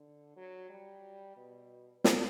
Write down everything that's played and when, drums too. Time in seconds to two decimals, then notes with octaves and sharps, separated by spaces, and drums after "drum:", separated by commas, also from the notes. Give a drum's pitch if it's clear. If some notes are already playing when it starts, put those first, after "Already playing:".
Already playing: D3
0.36 F#3
0.69 G3
1.37 B2
2.04 drum: snare